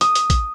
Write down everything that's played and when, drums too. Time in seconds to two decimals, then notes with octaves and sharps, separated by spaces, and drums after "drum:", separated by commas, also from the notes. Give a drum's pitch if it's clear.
0.01 D#6, drum: hi-hat
0.15 drum: hi-hat
0.30 drum: kick A1, hi-hat